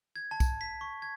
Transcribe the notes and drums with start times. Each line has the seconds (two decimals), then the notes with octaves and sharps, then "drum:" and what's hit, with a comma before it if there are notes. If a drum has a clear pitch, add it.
0.16 G#6
0.31 A5
0.40 drum: kick, tambourine
0.61 B6
0.81 C#6
1.02 G#6